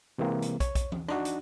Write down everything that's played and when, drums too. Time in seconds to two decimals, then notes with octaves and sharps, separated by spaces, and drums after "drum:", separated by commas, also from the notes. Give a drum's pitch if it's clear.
0.18 C3 E3 G#3 A#3 C4
0.42 drum: hi-hat
0.60 C#5, drum: kick, hi-hat
0.75 drum: kick, hi-hat
0.92 drum: tom E3
1.08 D4 D#4 F#4, drum: rim click
1.25 drum: hi-hat